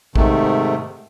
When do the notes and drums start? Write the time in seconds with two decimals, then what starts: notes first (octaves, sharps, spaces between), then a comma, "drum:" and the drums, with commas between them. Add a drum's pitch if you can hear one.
0.16 G#2 C3 D#3 A3, drum: kick